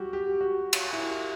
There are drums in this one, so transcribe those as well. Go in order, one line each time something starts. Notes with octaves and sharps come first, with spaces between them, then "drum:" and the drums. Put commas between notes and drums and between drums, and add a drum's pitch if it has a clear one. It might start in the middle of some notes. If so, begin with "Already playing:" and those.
Already playing: G3 F#4 G4
G4
F#4
drum: cymbal
E4
G4